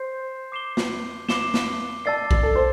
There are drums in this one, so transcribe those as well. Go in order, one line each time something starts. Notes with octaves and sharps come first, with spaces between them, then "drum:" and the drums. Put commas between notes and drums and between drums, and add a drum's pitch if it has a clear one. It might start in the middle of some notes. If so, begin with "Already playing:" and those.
Already playing: C5 C6 G6 C7
D6 C7 E7 G7
drum: snare
D6 C7 E7 G7, drum: snare
drum: snare
D5 A5 E6 A6 C7
drum: kick A#1
A4
C5